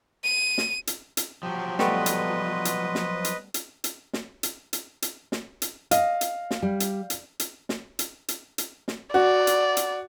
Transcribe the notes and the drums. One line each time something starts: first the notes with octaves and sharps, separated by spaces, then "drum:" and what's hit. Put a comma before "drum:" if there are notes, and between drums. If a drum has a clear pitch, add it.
D#7
drum: snare
drum: hi-hat
drum: hi-hat
F3 F#3 G4
G3 A3 B3 B4 D#5, drum: snare
drum: hi-hat
drum: hi-hat
drum: snare
drum: hi-hat
drum: hi-hat
drum: hi-hat
drum: snare
drum: hi-hat
drum: hi-hat
drum: hi-hat
drum: snare
drum: hi-hat
D#5 F5, drum: hi-hat
drum: hi-hat
drum: snare
G3
drum: hi-hat
drum: hi-hat
drum: hi-hat
drum: snare
drum: hi-hat
drum: hi-hat
drum: hi-hat
drum: snare
F#4 D5
drum: hi-hat
drum: hi-hat